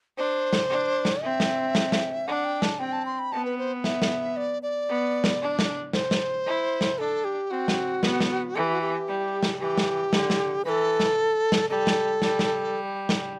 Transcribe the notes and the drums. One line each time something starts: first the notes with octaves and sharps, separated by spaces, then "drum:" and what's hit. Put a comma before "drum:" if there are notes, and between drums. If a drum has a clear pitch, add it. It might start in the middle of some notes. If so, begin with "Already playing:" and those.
D4 C5
drum: snare
D4
drum: snare
C4 E5
drum: snare
drum: snare
drum: snare
D4 F#5
G5
A5, drum: snare
C4 G5
A5
C6
B5
B3 A5
B4
C5
E5, drum: snare
drum: snare
D5
D5
B3
drum: snare
D4
drum: snare
C5, drum: snare
drum: snare
E4
drum: snare
D4 A4
G4
C4 F#4
drum: snare
B3, drum: snare
drum: snare
E3 A4
G4
F#4
G4
G3
drum: snare
E3 G4
drum: snare
D3, drum: snare
drum: snare
E3 A4 B4
drum: snare
drum: snare
G3 A4
drum: snare
G3, drum: snare
drum: snare
drum: snare